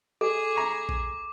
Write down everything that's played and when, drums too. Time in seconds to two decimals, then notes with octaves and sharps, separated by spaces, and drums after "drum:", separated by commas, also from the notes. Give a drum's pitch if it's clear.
0.21 G#4 A4 D6
0.55 A#5 C#6
0.89 drum: kick A#1